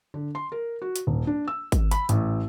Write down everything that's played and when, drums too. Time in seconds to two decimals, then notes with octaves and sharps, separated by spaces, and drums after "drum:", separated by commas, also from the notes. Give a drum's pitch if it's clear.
0.14 D3
0.35 C6
0.52 A#4
0.82 F#4
0.96 drum: hi-hat
1.07 D#1
1.27 D4
1.48 E6
1.72 drum: kick G#1, hi-hat
1.91 B5, drum: hi-hat
2.09 A1, drum: hi-hat